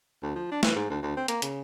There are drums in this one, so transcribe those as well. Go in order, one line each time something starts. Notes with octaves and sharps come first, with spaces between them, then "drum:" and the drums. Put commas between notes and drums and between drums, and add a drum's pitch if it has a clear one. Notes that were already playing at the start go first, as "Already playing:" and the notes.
D2
F3
D4
E3, drum: snare
G#2
D2
D2
C4
A#3, drum: hi-hat
C#3, drum: hi-hat